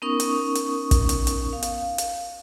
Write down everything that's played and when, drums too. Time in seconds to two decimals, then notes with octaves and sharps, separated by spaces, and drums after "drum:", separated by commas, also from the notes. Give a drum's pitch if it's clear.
0.02 B3 C#4 D#4 A#4 C#6 D#6
0.20 drum: hi-hat
0.55 drum: hi-hat
0.91 drum: kick, hi-hat
1.09 drum: hi-hat
1.27 drum: hi-hat
1.53 F5
1.63 drum: hi-hat
1.98 drum: hi-hat